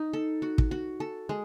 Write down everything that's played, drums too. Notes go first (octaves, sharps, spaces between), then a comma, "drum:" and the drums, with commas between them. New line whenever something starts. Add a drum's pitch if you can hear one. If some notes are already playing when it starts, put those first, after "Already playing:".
Already playing: D#4
A4
F#4
drum: kick
F#4
A4
G#3